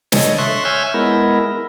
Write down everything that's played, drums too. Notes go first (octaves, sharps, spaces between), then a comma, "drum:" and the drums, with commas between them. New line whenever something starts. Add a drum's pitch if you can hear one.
A4 C#5 D#5, drum: snare
E5 C6 C#6 F#6
C#5 E5 G#5 E6 F6 G6
G#3 B3 E4 A#4